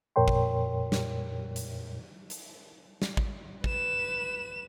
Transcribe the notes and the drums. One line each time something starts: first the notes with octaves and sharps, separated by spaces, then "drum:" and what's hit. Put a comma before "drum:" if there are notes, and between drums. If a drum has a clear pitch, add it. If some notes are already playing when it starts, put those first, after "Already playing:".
F2 A#2 A#4 C#5 G5 C6
drum: kick
drum: snare
drum: hi-hat
drum: hi-hat
drum: snare
drum: kick
B4 E7, drum: kick